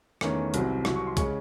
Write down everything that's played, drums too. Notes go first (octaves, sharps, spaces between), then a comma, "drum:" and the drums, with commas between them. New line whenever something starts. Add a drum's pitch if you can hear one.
E2 D#3 A3 C#4, drum: rim click
C2 C3 F#3 C4, drum: hi-hat
C2 C3 F#3 C#6, drum: rim click
C#6
C6
C#3 G#3 C#4 C#6, drum: kick, hi-hat